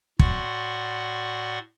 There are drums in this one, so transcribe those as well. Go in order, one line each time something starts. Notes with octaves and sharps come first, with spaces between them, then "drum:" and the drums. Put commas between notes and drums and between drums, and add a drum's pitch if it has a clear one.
A2 F#4 D5 F#5 C6 C#6, drum: kick